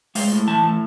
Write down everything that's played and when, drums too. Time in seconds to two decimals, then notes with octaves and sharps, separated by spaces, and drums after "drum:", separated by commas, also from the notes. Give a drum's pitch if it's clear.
0.15 G#3 F5, drum: open hi-hat
0.32 A2
0.47 E3 A5
0.63 A2